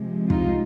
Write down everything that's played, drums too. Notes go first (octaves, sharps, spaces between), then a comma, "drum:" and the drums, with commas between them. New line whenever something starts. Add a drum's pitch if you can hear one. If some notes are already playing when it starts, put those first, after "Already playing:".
Already playing: C3 F3 G#3
D#4 F4, drum: kick